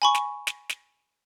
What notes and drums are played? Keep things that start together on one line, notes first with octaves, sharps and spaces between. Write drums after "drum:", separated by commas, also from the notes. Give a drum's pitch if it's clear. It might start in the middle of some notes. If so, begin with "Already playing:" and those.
G#5 B5 C#6
drum: snare
drum: snare
drum: snare